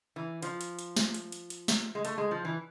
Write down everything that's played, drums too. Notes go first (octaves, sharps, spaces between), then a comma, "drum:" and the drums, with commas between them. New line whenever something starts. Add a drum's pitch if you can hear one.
E3
F3, drum: hi-hat
drum: hi-hat
drum: hi-hat
drum: snare
drum: hi-hat
drum: hi-hat
drum: hi-hat
drum: snare
G#3
A3, drum: hi-hat
G#3
F3
E3